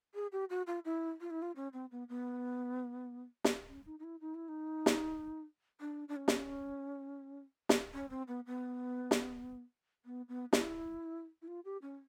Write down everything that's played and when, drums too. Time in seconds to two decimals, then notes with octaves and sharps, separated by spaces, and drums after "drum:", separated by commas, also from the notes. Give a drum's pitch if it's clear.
0.14 G#4
0.32 G4
0.50 F#4
0.67 F4
0.85 E4
1.21 F4
1.30 E4
1.42 F4
1.56 C#4
1.73 C4
1.91 B3
2.09 B3
3.44 drum: snare
3.68 C#4
3.86 D#4
3.99 D#4
4.04 E4
4.21 D#4
4.34 E4
4.48 D#4
4.86 drum: snare
5.80 D4
6.08 D4
6.16 C#4
6.28 drum: snare
7.69 drum: snare
7.93 C#4
8.10 C4
8.28 B3
8.46 B3
9.11 drum: snare
10.05 B3
10.29 B3
10.53 E4, drum: snare
11.42 E4
11.48 F4
11.65 G4
11.82 C#4